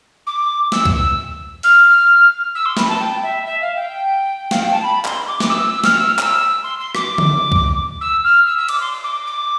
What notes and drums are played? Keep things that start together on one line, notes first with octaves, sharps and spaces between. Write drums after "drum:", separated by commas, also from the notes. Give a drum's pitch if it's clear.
D6
E6, drum: snare
drum: kick C#2
E6
F6, drum: open hi-hat
E6
C6
B5, drum: snare
A5
G5
E5
E5
F5
G5
F5, drum: snare
G5
A5
B5
C6, drum: clap
D6
D6, drum: snare
E6
E6
F6, drum: snare
E6
F6
E6, drum: clap
C6
C6
D6, drum: rim click
drum: tom D3
drum: kick C#2
E6
F6
E6
E6
D6, drum: cymbal
C6
D6
D6